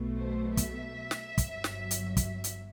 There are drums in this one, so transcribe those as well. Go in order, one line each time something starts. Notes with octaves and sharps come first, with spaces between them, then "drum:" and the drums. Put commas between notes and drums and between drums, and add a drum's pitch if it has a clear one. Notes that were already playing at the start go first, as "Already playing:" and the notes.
Already playing: B1 B2 A3
C5
E5, drum: kick, hi-hat
drum: snare
G1 G2 F#3, drum: kick, hi-hat
drum: snare
drum: hi-hat
E5, drum: kick, hi-hat
drum: hi-hat